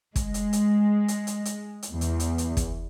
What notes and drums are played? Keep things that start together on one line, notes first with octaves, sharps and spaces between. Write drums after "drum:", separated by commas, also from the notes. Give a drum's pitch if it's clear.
G#3, drum: kick, hi-hat
drum: hi-hat
drum: hi-hat
drum: hi-hat
drum: hi-hat
drum: hi-hat
drum: hi-hat
E2
drum: hi-hat
drum: hi-hat
drum: hi-hat
drum: kick, hi-hat